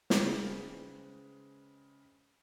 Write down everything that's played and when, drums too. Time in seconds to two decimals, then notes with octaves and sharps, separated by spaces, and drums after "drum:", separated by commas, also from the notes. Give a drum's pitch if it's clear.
0.10 drum: snare
0.23 C#3 G#3 C4 G#4 B4